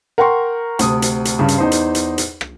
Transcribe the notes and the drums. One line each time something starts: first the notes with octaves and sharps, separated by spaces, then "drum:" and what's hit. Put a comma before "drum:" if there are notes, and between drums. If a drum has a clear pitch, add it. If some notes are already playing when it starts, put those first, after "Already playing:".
A#4 F#5 G5 A#5 C6 C#6
D2 C3 D#6, drum: hi-hat
drum: hi-hat
drum: hi-hat
G2 C#3
drum: hi-hat
E2 D#4 C5
drum: hi-hat
drum: hi-hat
drum: hi-hat
drum: rim click